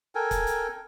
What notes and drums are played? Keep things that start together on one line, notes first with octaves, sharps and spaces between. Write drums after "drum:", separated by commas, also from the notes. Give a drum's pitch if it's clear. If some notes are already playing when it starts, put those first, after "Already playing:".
A4 A#4 G5 G#5
drum: kick C#1, hi-hat
drum: hi-hat